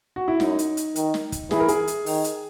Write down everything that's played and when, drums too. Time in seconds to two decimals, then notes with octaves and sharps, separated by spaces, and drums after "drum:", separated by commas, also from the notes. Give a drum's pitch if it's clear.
0.16 F#4
0.28 E4
0.40 F#2 D#4, drum: snare
0.59 drum: hi-hat
0.77 drum: hi-hat
0.96 D#3, drum: hi-hat
1.14 drum: snare
1.32 drum: kick, hi-hat
1.51 E3 G#4, drum: snare
1.60 A#4
1.68 G#4, drum: hi-hat
1.87 drum: hi-hat
2.06 D#3, drum: open hi-hat
2.24 drum: hi-hat